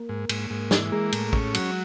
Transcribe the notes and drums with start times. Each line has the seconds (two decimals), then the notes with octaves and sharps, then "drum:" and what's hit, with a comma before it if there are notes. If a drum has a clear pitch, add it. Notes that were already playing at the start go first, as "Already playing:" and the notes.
Already playing: A#3 A#4
0.09 G#2
0.29 G#2, drum: cymbal
0.50 G#2
0.71 E3, drum: snare
0.92 G#3 A#3 G#4
1.12 A2, drum: cymbal
1.33 C#4, drum: kick
1.54 F#3, drum: cymbal